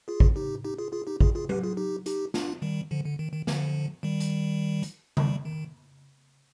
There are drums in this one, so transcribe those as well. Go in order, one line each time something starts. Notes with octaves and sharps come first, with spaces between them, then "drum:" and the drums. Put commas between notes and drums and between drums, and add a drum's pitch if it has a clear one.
F4 G#4
drum: kick
D#4 G4
D#4 G4
F4 G#4
F4 G#4
D#4 G4
F4 G#4, drum: kick
F4 G#4
G4 B4, drum: tom F#3
F4 G#4
D#4 G4
D#4 G4, drum: hi-hat
D4 F4, drum: snare
D#3 G3
D3 F3
D3
D#3
D#3
D3 F3, drum: snare
D#3 G3
drum: hi-hat
drum: hi-hat
D#3 G3, drum: tom C#3
D#3